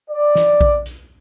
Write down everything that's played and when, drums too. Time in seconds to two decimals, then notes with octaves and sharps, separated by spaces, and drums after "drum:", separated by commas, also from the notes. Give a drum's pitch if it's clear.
0.10 D5
0.35 drum: snare
0.61 drum: kick A#1
0.86 drum: hi-hat